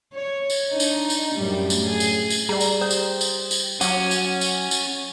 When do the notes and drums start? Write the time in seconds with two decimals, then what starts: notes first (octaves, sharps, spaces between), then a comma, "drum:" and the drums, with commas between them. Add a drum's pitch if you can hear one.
0.13 C#5
0.50 drum: tambourine
0.70 D4 D#4
0.80 drum: tambourine
1.10 drum: tambourine
1.35 F#2 A2 G3
1.70 drum: tambourine
1.87 G#4
2.00 drum: tambourine
2.30 drum: tambourine
2.49 G3 G#4 D5 A#5
2.60 drum: tambourine
2.81 C5 G5 D#6 G6
2.91 drum: tambourine
3.21 drum: tambourine
3.51 drum: tambourine
3.81 F#3 C#4 F#5 D6, drum: tambourine
4.11 drum: tambourine
4.41 drum: tambourine
4.71 drum: tambourine